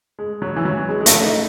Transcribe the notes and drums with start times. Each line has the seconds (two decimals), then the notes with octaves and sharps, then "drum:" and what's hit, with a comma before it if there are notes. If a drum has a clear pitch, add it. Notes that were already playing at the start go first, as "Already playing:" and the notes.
0.19 G#3
0.42 F#3
0.56 E3
0.65 F#3
0.89 G#3
1.01 G#3
1.06 A3, drum: hi-hat
1.23 D#4